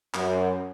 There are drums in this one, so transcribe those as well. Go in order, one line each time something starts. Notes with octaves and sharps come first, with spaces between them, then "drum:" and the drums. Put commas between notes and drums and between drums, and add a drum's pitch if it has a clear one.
F#2, drum: clap